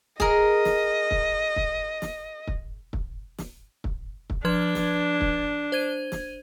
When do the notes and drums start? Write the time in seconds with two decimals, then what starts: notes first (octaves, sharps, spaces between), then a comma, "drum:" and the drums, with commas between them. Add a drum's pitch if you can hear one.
0.20 G#4 A#4 D#5, drum: kick
0.65 drum: snare
1.11 drum: kick
1.56 drum: kick
2.02 drum: snare
2.47 drum: kick
2.93 drum: kick
3.39 drum: snare
3.84 drum: kick
4.30 drum: kick
4.45 F3 D4 B4 G#6
4.75 drum: snare
5.21 drum: kick
5.72 C5 G#6 D#7
6.12 drum: snare